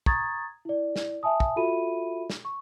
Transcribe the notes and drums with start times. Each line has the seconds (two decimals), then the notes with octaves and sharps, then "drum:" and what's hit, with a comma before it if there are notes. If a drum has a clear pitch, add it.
0.06 A#5 C#6 D#6 G#6 A6, drum: kick
0.65 E4 D5
0.96 drum: snare
1.23 E5 G#5 A5 D#6
1.40 drum: kick
1.56 F4 F#4 A4 E5 B5 D#7
2.30 drum: snare
2.45 C#6